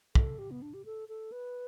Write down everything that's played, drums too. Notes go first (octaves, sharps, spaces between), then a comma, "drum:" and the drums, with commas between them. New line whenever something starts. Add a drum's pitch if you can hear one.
A4, drum: kick
G4
B3
D4
G4
A4
A4
B4